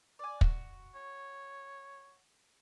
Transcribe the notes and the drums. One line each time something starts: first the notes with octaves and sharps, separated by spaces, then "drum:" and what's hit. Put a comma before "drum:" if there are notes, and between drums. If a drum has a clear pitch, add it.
D5 G#5
F#4, drum: kick
C#5